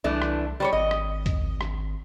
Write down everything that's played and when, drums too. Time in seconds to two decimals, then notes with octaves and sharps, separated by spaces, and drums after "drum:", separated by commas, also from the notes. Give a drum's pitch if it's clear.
0.04 C2 E3 A3 D4
0.22 drum: rim click
0.60 G3 C5 C#5
0.73 G#1 D#5
0.91 drum: rim click
1.26 drum: kick C#2, hi-hat
1.61 drum: rim click